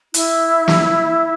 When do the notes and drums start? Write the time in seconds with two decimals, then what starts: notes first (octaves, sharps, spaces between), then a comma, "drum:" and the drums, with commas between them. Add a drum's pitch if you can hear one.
0.14 E4, drum: hi-hat
0.68 drum: snare